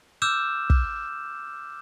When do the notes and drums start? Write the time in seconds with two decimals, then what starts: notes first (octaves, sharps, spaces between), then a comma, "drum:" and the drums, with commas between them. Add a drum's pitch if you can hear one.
0.22 D6 E6 F6 G6 E7
0.70 drum: kick